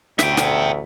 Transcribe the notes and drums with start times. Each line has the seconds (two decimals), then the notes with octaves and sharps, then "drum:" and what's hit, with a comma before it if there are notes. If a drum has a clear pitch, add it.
0.19 A1 D2 E5 G5, drum: snare
0.37 drum: snare